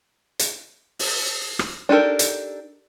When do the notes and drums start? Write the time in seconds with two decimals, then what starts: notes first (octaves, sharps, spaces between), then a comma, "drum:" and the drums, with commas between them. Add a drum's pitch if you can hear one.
0.39 drum: hi-hat
0.99 drum: open hi-hat
1.59 drum: rim click
1.89 D4 D#4 G4 A4 A#4
2.19 drum: hi-hat